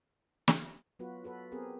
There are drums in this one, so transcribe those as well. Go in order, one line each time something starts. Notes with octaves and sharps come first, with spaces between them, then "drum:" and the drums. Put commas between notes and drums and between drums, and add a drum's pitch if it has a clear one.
drum: snare
F#3 B3 F4 F#4 B4
F#4 A4 B4
B3 C4 G4 G#4 A#4